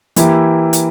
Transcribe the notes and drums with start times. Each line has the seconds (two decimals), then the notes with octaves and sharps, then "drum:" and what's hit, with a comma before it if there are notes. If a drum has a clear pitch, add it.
0.16 E3 A#3 E4 G4, drum: hi-hat
0.73 drum: hi-hat